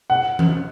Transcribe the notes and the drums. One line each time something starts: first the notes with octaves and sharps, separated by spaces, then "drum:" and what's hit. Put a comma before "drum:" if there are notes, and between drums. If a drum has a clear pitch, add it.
F#5
drum: tom E3